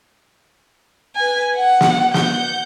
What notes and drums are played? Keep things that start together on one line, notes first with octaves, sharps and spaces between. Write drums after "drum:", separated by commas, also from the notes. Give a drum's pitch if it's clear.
B4 G#5
F#5
drum: snare
F#5 G6, drum: snare